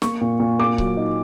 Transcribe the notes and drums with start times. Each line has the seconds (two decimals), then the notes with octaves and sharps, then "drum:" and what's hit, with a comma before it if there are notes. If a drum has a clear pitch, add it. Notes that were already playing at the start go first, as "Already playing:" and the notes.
0.02 A#3 C#6, drum: snare
0.21 A#2
0.40 A#2
0.59 A#3 D6
0.78 F#3, drum: kick C#1
0.97 D#4